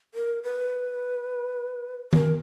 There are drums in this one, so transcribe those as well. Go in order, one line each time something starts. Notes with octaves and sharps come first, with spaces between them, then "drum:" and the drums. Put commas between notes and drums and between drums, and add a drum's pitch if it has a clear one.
A#4
B4
A#4, drum: tom D#3